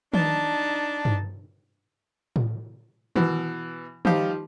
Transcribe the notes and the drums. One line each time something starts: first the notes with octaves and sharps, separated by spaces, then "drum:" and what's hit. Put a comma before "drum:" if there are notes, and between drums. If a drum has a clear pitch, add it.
D4 D#4 A5, drum: tom D#3
drum: tom G2
drum: tom A2
B2 E3, drum: tom D#3
F3 G3 D#4 F4 G4, drum: tom D#3